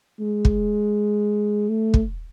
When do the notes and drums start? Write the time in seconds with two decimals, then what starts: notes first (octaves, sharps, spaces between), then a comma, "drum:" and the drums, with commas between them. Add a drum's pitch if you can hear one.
0.20 G#3
0.45 drum: kick
1.69 A3
1.94 drum: kick